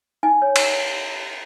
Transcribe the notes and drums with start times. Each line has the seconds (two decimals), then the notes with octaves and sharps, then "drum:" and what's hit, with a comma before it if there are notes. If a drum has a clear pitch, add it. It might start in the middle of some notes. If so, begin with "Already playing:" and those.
0.23 D#4 G#5
0.42 C#5
0.56 drum: cymbal